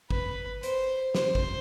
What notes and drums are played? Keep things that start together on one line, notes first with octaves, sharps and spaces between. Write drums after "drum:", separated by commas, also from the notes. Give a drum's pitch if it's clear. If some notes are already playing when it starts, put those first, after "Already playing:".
B4, drum: kick
C5, drum: hi-hat
C5, drum: snare
drum: kick